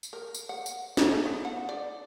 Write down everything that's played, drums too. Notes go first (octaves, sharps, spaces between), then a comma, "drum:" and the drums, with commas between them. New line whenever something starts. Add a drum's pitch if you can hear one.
drum: tambourine
A#4
drum: tambourine
F#5
drum: tambourine
D#4, drum: snare
A3
B3
F#5
D5